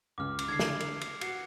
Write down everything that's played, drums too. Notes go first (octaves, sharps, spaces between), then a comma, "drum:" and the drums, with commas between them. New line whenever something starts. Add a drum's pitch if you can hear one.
C#2 C#3 D6 F6
drum: cymbal
D3 G#6 C7
drum: snare
drum: cymbal
drum: cymbal
F#4 C7 C#7, drum: cymbal